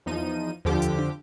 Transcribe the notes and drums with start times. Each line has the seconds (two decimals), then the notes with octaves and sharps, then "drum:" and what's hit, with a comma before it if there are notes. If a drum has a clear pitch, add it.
0.06 E2 F3 D#4 D#7
0.65 F2 D3 F3 G4 D6, drum: tom D#2
0.82 drum: hi-hat
0.99 drum: tom D4